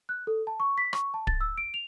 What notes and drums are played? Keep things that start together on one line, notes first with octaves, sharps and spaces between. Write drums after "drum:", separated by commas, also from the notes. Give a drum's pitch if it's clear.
F#6
A4
A5
C#6
B6
C#6, drum: rim click
A5
A6, drum: kick D1
E6
D7
F7